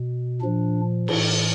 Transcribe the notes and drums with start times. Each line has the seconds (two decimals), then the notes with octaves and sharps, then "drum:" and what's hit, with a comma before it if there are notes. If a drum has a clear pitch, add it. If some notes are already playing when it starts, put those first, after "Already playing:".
Already playing: B2
0.41 A#2 F3 D4
1.08 A2 E3, drum: cymbal